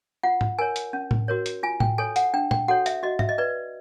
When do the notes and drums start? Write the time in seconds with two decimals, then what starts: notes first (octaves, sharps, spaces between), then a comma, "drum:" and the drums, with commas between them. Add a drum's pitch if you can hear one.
0.23 F4 F#5
0.41 drum: tom G#2
0.59 A#4 C#5 G#5
0.76 drum: hi-hat
0.93 C#4
1.11 drum: tom A2
1.28 F#4 A#4 C#5
1.46 drum: hi-hat
1.63 F4 G#5
1.80 G5, drum: tom A2
1.98 A4 C#5 G#5
2.16 F#5, drum: hi-hat
2.34 D4 G5
2.51 G5, drum: tom A#2
2.68 F#4 A4 C#5 F#5
2.86 E5, drum: hi-hat
3.03 F#4 D#5
3.19 E5, drum: tom G#2
3.29 D#5
3.38 B4 D5